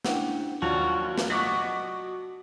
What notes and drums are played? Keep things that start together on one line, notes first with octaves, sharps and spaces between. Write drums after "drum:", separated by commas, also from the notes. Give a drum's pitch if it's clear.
C#4 D4 E4 F#5 G5, drum: snare
D#2 F3 F#3 F4 F#4 D5 A5 F7
drum: snare
F#4 D#5 F#5 C#6 D6 B6